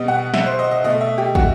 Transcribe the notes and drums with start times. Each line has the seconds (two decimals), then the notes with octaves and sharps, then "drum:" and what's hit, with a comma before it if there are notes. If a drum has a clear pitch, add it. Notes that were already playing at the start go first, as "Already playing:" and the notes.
Already playing: B2 G3 B3 D#5
0.08 F#5
0.34 E5, drum: snare
0.46 C5
0.59 D#5
0.71 D#5
0.84 B2 A3 D#5
1.01 E5
1.18 G4
1.35 F#4, drum: kick